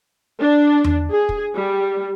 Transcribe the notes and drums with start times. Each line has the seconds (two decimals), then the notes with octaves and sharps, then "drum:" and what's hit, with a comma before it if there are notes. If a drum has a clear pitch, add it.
0.40 D4
0.84 drum: tom E2
1.11 G#4
1.29 drum: kick
1.55 G3